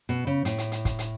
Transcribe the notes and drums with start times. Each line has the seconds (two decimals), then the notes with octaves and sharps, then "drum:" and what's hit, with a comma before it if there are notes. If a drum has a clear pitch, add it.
0.09 B2
0.27 C#3
0.45 A2, drum: hi-hat
0.58 drum: hi-hat
0.72 drum: hi-hat
0.85 drum: kick, hi-hat
0.99 drum: hi-hat